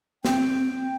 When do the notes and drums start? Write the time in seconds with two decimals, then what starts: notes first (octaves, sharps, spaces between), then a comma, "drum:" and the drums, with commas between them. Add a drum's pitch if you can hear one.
0.25 C4 G5, drum: snare